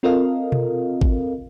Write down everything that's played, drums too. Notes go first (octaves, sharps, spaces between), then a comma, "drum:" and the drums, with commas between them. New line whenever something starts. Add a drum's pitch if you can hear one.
C4 F4 A4 A#4 D#5 F5
drum: tom B2
drum: kick G#1